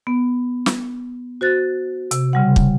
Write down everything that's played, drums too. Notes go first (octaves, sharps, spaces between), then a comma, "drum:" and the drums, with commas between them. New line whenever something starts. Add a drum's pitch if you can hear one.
B3
drum: snare
F#4 C5 F#6 A6
C3, drum: hi-hat
C#3 G3 F#5
drum: kick